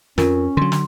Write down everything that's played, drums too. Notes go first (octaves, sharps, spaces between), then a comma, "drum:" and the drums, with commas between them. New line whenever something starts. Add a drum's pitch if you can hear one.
F2 C#4 F4 A#4, drum: snare
D3 F#3 C6
drum: snare